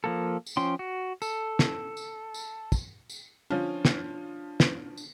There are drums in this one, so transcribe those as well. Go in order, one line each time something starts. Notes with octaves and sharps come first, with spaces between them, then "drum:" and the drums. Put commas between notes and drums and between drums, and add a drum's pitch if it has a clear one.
F3 A#3 A4
drum: tambourine
F3 C#4 G5 C6
F#4
A4, drum: tambourine
drum: snare
drum: tambourine
drum: tambourine
drum: kick, tambourine
drum: tambourine
F3 C#4 D4 F4
drum: snare
drum: snare
drum: tambourine